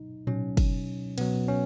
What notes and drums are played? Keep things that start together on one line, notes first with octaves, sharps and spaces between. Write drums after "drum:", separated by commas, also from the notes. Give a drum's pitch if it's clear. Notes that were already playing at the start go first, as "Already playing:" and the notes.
Already playing: B2 F#3 D#4
B2 F#3 C#4, drum: tom A2
drum: kick, cymbal
B2 F#3 B3, drum: cymbal
C#4